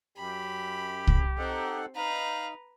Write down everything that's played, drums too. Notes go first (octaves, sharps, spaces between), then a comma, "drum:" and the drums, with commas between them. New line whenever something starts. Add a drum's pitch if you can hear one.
F#2 G4 B5
drum: kick C2
C4 D#4 A4 F#5
D#4 B4 F5 A#5